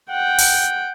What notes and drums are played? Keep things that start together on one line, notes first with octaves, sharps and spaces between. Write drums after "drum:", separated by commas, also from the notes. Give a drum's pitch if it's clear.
F#5 G5
drum: open hi-hat